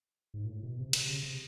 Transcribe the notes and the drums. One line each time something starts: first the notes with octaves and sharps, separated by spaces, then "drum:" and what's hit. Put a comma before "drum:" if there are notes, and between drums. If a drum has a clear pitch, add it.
G#2
A#2
A2
B2
C3
C3, drum: cymbal
C#3
C3